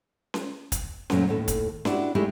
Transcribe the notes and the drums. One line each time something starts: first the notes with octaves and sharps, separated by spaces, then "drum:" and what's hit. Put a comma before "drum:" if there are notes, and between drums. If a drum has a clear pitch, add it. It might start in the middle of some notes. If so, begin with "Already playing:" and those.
drum: snare C#4
drum: kick, hi-hat
F#2 A#2 F3 F#3 A3 C#4, drum: snare C#4
D#2 A2 A4
drum: kick, hi-hat
D4 E4 F#4 G4, drum: snare C#4
G#3 A3 D#4 E4 G4